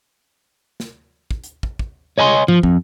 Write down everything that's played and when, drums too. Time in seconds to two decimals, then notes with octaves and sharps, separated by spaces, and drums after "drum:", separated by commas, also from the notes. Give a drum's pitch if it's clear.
0.80 drum: snare
1.31 drum: kick
1.44 drum: hi-hat
1.63 drum: kick
1.79 drum: kick
2.18 C#5 D#5 G#5 B5 C6
2.48 F3, drum: tom G2
2.63 F2, drum: kick